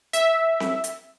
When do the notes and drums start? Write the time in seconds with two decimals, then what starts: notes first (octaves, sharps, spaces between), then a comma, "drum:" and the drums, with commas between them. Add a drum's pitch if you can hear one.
0.13 E5, drum: hi-hat
0.60 drum: snare C4
0.84 drum: hi-hat